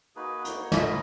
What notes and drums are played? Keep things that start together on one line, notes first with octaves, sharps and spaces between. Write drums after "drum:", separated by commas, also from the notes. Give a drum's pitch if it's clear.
A#3 D#4 F#4 G#4 B4
drum: hi-hat
C#5
A#3 C#4 E4 B4 D#5, drum: snare